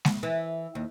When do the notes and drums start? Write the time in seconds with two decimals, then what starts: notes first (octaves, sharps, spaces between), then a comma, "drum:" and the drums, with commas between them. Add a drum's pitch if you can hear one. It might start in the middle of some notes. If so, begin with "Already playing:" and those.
0.05 drum: snare G#3
0.23 E3
0.75 D#2